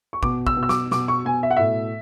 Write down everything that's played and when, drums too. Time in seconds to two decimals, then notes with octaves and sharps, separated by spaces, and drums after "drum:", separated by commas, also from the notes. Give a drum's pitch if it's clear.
0.13 C#6
0.23 B2 D6, drum: kick
0.47 E6, drum: kick
0.57 B2
0.63 E6
0.69 D6, drum: snare
0.91 B2 D6, drum: snare
1.08 C#6
1.25 B2 G#5
1.43 E5
1.51 F#5
1.57 A2 E5